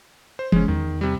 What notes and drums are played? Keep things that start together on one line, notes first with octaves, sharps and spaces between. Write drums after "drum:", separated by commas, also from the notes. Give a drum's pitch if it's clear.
C5
F#1 G#3 C#4, drum: tom E3
E2 D#3
C3 G3